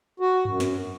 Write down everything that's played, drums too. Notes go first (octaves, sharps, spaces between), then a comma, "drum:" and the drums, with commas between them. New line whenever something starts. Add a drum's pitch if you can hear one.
F#4
F#2, drum: tom G2
drum: snare